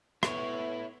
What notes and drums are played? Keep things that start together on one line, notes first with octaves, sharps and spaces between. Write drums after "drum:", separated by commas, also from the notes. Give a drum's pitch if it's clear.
A2 B3 E4 C#5, drum: rim click